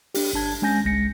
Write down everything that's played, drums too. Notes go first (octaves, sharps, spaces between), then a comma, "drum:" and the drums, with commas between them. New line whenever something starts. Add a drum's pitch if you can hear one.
D4 G4, drum: open hi-hat
G1 D4 A5 G#6
G#3 C#4 G#5 G6 A#6
G1 C2 G#3 A#6 C#7